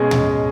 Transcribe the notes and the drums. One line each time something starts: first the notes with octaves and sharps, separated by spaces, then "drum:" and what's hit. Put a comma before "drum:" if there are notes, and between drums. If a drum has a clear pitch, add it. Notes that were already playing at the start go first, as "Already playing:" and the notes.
Already playing: B2 G#3 C#4 G#4 D#5
drum: tom